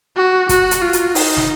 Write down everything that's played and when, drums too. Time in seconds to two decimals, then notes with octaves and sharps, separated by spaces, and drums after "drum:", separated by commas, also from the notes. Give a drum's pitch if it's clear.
0.17 F#4
0.49 F#4, drum: kick, hi-hat
0.71 drum: hi-hat
0.82 F4
0.93 drum: hi-hat
1.15 D#4, drum: open hi-hat
1.37 drum: snare